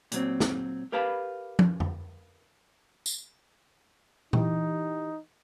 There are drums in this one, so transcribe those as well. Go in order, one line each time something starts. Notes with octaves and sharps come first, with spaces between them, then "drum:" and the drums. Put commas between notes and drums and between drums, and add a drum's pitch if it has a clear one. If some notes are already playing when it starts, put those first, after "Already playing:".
A#2 F#3 C4, drum: hi-hat
drum: snare
G4 A#4 B4 F5 A5 B5
drum: tom
drum: tom F2
drum: tambourine
E3 D#4 G4, drum: tom A#2